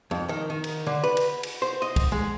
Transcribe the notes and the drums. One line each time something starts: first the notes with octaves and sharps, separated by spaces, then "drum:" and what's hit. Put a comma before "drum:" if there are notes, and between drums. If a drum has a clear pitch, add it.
F2
D#3
D#3
drum: cymbal
D3
B4
drum: cymbal
drum: cymbal
C5
D#5
drum: kick, cymbal
G#3